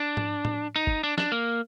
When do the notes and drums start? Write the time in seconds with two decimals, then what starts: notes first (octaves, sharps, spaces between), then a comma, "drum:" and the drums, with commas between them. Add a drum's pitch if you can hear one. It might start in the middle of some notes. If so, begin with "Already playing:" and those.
Already playing: D4
0.17 drum: tom G#2
0.45 drum: tom A2
0.76 D#4
0.87 drum: kick
1.03 D4
1.18 D4, drum: snare
1.32 A#3